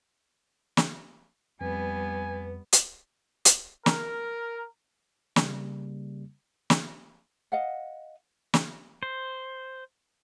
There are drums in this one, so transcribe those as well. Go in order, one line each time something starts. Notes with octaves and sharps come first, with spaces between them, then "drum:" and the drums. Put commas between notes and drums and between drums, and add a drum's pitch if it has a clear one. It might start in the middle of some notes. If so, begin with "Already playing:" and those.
drum: snare
F2 G3 B3 B4 G#5
drum: hi-hat
drum: hi-hat
A#4, drum: snare
C#3 G3 A#3, drum: snare
drum: snare
D#5 F5 F#5
drum: snare
C5